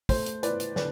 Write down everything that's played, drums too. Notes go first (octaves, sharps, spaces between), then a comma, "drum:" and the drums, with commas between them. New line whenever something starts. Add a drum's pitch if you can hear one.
A3 C5, drum: kick, open hi-hat
drum: hi-hat
E4 B4 D5, drum: hi-hat
drum: hi-hat
D3 B4 D5, drum: snare